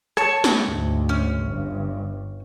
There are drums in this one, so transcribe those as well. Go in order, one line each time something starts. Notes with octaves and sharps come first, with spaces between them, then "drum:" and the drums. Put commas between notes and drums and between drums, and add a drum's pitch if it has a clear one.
C#5 A5 C#6, drum: rim click
drum: snare
D2 G#2
C#4
G1 G2